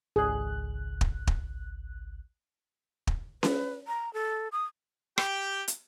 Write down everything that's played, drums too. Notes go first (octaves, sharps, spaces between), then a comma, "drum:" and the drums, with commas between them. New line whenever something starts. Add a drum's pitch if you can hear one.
G#1 C#2 G#4 F#6
drum: kick
drum: kick
drum: kick
B4, drum: snare C#4
A#5
A4
D#6
G4 G5, drum: rim click
drum: hi-hat